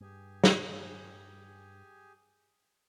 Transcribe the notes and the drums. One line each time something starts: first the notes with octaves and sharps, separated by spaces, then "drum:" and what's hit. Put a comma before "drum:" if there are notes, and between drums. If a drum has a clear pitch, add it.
G2 G4 G#4 G#5
drum: snare